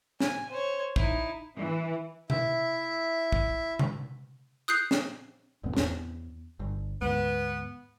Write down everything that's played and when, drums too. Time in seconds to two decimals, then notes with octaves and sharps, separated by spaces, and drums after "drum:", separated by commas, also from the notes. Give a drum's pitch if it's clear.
0.20 G#5, drum: snare
0.50 C5 C#5
0.96 D#4 E4, drum: kick
1.57 E3
2.30 E4 E5, drum: tom C3
3.32 drum: kick
3.79 drum: tom C3
4.68 D#6 F#6 G6 C7
4.91 drum: snare
5.64 E1 A2 B3
5.77 E2 B3, drum: snare
6.60 G1
7.02 D2 G#2 B3